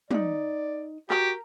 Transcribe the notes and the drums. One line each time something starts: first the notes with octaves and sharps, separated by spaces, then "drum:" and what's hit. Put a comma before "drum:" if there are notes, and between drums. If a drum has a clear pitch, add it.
D4 D#4 D5, drum: tom
F#4 G4 A#4, drum: clap